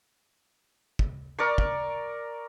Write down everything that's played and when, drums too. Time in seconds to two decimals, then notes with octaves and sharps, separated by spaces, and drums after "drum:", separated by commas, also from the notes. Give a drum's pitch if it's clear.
0.99 drum: kick
1.39 A#4 D5 C#6
1.58 drum: kick